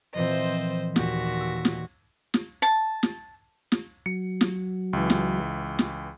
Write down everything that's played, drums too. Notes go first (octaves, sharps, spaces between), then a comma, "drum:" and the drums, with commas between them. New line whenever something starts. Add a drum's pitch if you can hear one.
A#2 E3 F3 C4 C5 D#5
D#2 A#2 F#4 G4, drum: snare
E6
drum: snare
drum: snare
A5
drum: snare
drum: snare
F#3 C#7
drum: snare
C#2 E3
drum: snare
drum: snare